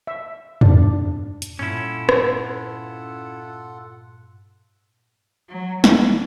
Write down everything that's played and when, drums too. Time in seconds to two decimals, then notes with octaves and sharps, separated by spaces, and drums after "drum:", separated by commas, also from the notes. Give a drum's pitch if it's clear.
0.07 E5
0.61 D4, drum: tom
1.42 drum: hi-hat
1.59 G2 A#2 C#4 E4 F4 A4 F#5
2.09 drum: rim click
5.48 F#3
5.84 E2, drum: snare